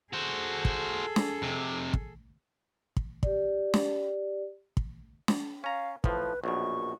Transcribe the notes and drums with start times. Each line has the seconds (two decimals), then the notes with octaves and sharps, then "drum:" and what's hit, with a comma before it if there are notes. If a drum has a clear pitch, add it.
0.13 F#4 G#4 A4 C5
0.65 drum: kick
1.16 drum: snare
1.42 F2 C3
1.94 drum: kick
2.96 drum: kick
3.23 G4 D5, drum: kick
3.74 drum: snare
4.77 drum: kick
5.28 drum: snare
5.64 C#4 F5 A#5
6.04 A2 F3 B4, drum: kick
6.44 A#1 F#2 B2 C#6